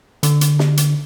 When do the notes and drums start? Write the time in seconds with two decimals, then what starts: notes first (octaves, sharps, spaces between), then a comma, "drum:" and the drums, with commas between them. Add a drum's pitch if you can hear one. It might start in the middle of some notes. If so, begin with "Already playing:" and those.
0.23 D3, drum: hi-hat
0.41 drum: hi-hat
0.59 drum: snare
0.77 drum: hi-hat